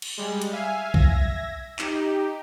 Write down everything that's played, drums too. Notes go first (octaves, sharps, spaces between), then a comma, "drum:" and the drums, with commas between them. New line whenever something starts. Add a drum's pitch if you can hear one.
drum: cymbal
G3 G#3
drum: hi-hat
E5 F5 G#5
E5 G#6 A#6, drum: kick B1
D#4 G4, drum: clap